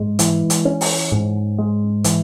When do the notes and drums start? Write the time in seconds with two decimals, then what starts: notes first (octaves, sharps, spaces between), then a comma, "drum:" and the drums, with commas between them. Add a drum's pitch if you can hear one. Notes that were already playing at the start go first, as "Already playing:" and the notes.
Already playing: G#2 G#3
0.19 E3, drum: hi-hat
0.50 drum: hi-hat
0.65 C#4
0.81 drum: open hi-hat
1.12 G#2
1.58 G#3
2.04 E3, drum: hi-hat